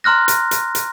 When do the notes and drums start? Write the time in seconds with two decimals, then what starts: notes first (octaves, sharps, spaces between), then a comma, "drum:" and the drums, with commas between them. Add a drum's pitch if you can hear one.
0.04 A#5 C6 F6 F#6 A#6
0.28 drum: hi-hat
0.51 drum: hi-hat
0.75 drum: hi-hat